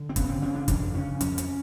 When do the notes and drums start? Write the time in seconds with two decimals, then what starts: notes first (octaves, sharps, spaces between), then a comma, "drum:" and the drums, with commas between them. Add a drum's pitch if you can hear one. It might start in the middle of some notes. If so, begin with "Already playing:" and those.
Already playing: D3
0.09 C4
0.16 C#3 B3, drum: kick, hi-hat
0.29 C4
0.42 C#3 C4
0.55 D4
0.68 F2 D4, drum: kick, hi-hat
0.94 C#3 C#4
1.21 F2 C#4, drum: hi-hat
1.38 drum: hi-hat